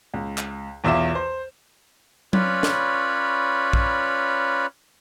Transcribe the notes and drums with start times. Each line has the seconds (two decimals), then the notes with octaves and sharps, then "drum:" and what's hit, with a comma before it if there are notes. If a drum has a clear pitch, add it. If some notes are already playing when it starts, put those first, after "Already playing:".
0.14 C#2
0.38 drum: clap
0.84 B1 E2 F4 E5 D6 E7
1.15 C5
2.33 C#4 F4 B4 C#5 D5 B5, drum: tom F#3
2.63 drum: snare
3.73 drum: kick